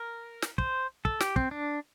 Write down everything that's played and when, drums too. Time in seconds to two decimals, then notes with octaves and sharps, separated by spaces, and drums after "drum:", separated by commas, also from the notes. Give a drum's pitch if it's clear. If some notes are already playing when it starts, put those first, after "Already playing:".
Already playing: A#4
0.42 drum: snare
0.58 C5, drum: kick
1.05 A4, drum: kick
1.21 G4, drum: snare
1.36 C4, drum: kick
1.51 D4